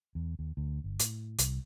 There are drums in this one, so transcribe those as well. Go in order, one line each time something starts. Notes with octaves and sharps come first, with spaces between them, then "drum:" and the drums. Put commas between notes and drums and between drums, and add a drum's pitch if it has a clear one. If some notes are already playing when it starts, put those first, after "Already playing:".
E2
D#2
D2
G1
A2, drum: hi-hat
C2, drum: hi-hat